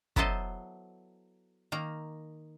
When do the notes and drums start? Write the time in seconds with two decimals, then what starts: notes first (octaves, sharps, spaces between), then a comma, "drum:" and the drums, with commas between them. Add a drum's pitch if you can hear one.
0.16 F#3 B3 E4 A4 C5 D#5, drum: kick
1.72 D#3 A#3 A#5